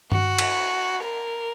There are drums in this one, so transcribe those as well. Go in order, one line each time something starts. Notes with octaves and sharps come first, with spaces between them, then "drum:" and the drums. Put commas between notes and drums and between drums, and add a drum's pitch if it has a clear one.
F#4, drum: tom G2
drum: cymbal
A#4